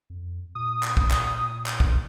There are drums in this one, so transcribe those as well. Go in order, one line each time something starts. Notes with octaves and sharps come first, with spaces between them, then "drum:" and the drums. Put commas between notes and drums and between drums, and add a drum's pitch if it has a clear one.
F2
A#2 D#6
drum: clap
drum: kick
drum: clap
drum: clap
drum: kick